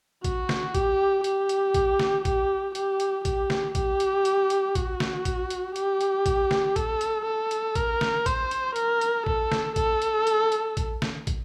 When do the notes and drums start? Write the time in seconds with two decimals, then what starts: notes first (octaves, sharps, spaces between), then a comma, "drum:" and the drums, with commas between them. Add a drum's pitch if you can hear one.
0.24 F#4, drum: kick, hi-hat
0.49 drum: snare
0.75 G4, drum: kick, hi-hat
1.24 G4, drum: hi-hat
1.49 drum: hi-hat
1.74 drum: kick, hi-hat
1.99 drum: snare
2.25 G4, drum: kick, hi-hat
2.75 G4, drum: hi-hat
3.00 drum: hi-hat
3.25 G4, drum: kick, hi-hat
3.50 drum: snare
3.75 G4, drum: kick, hi-hat
4.00 drum: hi-hat
4.25 drum: hi-hat
4.50 drum: hi-hat
4.75 F#4, drum: kick, hi-hat
5.00 drum: snare
5.25 drum: kick, hi-hat
5.50 drum: hi-hat
5.76 G4, drum: hi-hat
6.01 drum: hi-hat
6.26 drum: kick, hi-hat
6.51 drum: snare
6.76 A4, drum: kick, hi-hat
7.01 drum: hi-hat
7.26 A4
7.51 drum: hi-hat
7.75 A#4, drum: kick, hi-hat
8.01 drum: snare
8.26 C5, drum: kick, hi-hat
8.51 drum: hi-hat
8.76 A#4, drum: hi-hat
9.01 drum: hi-hat
9.26 A4, drum: kick
9.52 drum: snare
9.76 A4, drum: kick, hi-hat
10.02 drum: hi-hat
10.27 drum: hi-hat
10.52 drum: hi-hat
10.77 drum: kick, hi-hat
11.02 drum: snare
11.27 drum: kick, hi-hat